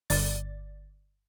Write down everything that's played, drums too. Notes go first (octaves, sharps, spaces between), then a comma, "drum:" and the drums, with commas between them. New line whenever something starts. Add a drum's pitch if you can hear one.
G1 D5 A6, drum: open hi-hat